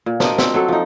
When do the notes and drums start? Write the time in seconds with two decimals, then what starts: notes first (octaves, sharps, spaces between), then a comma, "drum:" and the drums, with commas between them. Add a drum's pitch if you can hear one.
0.06 A#2
0.20 D4 A#4 C5 D#5, drum: snare
0.38 C4, drum: snare
0.54 F#3 A4
0.68 F3 D#4